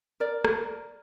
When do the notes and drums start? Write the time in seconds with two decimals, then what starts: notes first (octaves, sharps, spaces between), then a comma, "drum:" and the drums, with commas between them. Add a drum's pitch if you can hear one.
0.20 A#4 D5
0.45 A#4, drum: rim click